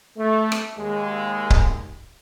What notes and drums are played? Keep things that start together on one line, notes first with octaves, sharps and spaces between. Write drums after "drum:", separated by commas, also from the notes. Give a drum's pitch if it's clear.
A3
drum: rim click
D#2 G#3
drum: kick C#1